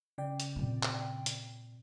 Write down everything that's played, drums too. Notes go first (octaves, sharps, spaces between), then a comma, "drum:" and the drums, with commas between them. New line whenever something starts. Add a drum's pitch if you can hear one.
C#3 D5 G5
drum: hi-hat
A#2 C4
drum: clap
drum: hi-hat